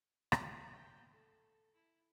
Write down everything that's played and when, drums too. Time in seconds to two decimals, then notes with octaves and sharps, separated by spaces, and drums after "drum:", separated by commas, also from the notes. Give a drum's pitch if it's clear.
0.32 drum: rim click
0.73 G5
1.11 A4
1.74 E4